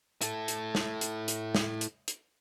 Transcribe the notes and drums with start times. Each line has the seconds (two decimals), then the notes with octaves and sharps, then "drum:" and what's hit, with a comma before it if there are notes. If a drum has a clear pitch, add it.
0.21 E4 A4, drum: hi-hat
0.48 drum: hi-hat
0.75 drum: snare
1.01 drum: hi-hat
1.28 drum: hi-hat
1.55 drum: snare
1.81 drum: hi-hat
2.08 drum: hi-hat